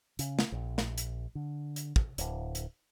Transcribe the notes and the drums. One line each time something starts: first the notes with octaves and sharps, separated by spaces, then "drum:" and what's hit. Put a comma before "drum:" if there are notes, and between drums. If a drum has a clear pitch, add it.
C#3, drum: hi-hat
drum: snare
A#1
drum: snare
drum: hi-hat
D3
drum: hi-hat
drum: kick
D1, drum: hi-hat
drum: hi-hat